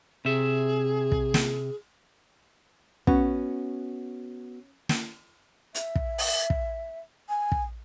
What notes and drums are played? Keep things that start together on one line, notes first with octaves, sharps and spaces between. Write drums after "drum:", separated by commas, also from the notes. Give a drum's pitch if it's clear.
C3 G#4 E5
drum: kick
drum: snare
B3 C#4 F#4, drum: kick
drum: snare
E5, drum: hi-hat
drum: kick
drum: open hi-hat
drum: kick
G#5
drum: kick